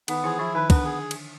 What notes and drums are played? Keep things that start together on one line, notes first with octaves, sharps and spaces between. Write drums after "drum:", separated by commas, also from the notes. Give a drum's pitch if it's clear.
D#3 B3 D#4, drum: cymbal
E3 E4 G#4
F3 E4 F4
D#3 D#4 B4
D3 B3 D4, drum: kick, cymbal
G#4
drum: cymbal